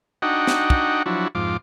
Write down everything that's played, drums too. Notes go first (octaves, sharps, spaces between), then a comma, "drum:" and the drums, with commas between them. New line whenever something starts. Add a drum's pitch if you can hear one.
D4 D#4 F#4 D#5 F#5 G5
drum: snare
drum: kick
F3 F#3 D4 E4 F#4
F2 G#2 F4 D6